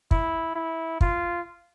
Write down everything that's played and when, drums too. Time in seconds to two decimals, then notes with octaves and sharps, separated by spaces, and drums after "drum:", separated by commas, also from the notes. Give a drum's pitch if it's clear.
0.11 E4, drum: kick
0.55 E4
1.01 F4, drum: kick